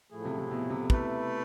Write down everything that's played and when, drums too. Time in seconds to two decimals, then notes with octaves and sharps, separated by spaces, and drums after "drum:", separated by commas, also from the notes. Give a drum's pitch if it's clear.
0.12 A2 F3 A3 E4 G#4
0.25 C3
0.38 C3
0.51 B2
0.70 C3
0.90 A3 E4 B4, drum: kick